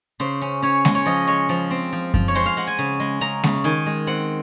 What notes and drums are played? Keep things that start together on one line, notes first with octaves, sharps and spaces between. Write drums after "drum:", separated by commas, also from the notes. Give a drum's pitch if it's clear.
C#3 C5
C#4
C#4 C#5
G#3, drum: snare G#3
C#5
F3 D#5
G#3 C#5
F3
C4
F3
F3, drum: kick F#2
C#5
G#3 C5
F5
G#3 F#5
G#5
C#3
G#3
C#3 A#5
C#3, drum: snare G#3
D#3 G#5
G#3
C4 F#5